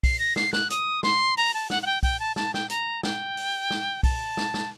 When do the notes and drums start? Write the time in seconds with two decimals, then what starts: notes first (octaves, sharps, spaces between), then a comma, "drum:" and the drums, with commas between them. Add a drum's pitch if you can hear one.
0.03 C7, drum: kick B1, open hi-hat
0.19 A#6
0.36 C7, drum: snare
0.53 F#6, drum: snare
0.70 D#6, drum: hi-hat
1.03 C6, drum: snare
1.37 A#5, drum: open hi-hat
1.54 A5
1.70 F#5, drum: snare
1.82 F#5
1.86 G5
2.03 G5, drum: kick B1, open hi-hat
2.20 A5
2.36 A5, drum: snare
2.54 G5, drum: snare
2.70 A#5, drum: hi-hat
3.03 G5, drum: snare
3.37 drum: open hi-hat
3.70 drum: snare
4.03 A5, drum: kick B1, open hi-hat
4.37 drum: snare
4.54 drum: snare